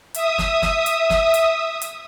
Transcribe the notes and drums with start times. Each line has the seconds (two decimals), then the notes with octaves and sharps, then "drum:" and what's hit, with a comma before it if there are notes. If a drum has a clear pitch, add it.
0.14 E5 D#6, drum: hi-hat
0.38 drum: snare
0.62 drum: snare
0.86 drum: hi-hat
1.10 drum: snare
1.34 drum: hi-hat
1.82 drum: hi-hat